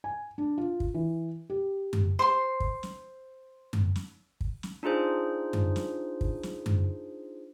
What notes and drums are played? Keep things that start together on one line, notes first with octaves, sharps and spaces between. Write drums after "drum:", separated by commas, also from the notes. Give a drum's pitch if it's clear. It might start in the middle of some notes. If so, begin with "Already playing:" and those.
G#5
D4
F4
drum: kick
E3
G4
drum: tom F#2
C5 C6
drum: kick
drum: snare
drum: tom F#2
drum: snare
drum: kick
drum: snare
D4 D#4 F4 G#4 C5
drum: tom F#2
drum: snare
drum: kick
drum: snare
drum: tom F#2